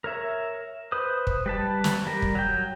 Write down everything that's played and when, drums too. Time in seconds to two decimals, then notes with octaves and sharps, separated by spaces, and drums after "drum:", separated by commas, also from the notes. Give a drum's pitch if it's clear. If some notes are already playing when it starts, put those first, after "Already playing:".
0.04 A#4 C#5 E5
0.92 B4 C5 D#6
1.27 drum: kick
1.46 G3 B4 A5
1.84 drum: snare
2.07 G3 A#4
2.22 drum: kick
2.35 F#3 G5